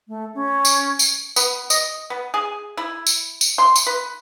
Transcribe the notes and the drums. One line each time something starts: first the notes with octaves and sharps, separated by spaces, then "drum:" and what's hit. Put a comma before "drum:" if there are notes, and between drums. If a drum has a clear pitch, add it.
A3
C#4
drum: tambourine
drum: tambourine
B3, drum: tambourine
D#5, drum: tambourine
B3
G#4
E4
drum: tambourine
drum: tambourine
C6
drum: tambourine
B4